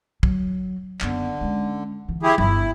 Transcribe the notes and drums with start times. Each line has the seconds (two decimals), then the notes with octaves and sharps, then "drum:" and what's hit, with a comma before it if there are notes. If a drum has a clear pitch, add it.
0.23 F#3, drum: kick
1.01 F#1 D3 B3, drum: clap
1.41 G#3 C#4
2.08 D3 E3
2.23 E4 G4 G#4
2.38 G1 D2 E4, drum: tom F#3